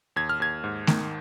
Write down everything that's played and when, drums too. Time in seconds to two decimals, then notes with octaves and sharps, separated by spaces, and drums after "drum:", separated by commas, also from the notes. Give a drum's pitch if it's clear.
0.16 D#2 G#6
0.29 F6
0.40 D#2 G#6
0.64 G#2
0.87 D#3, drum: snare A3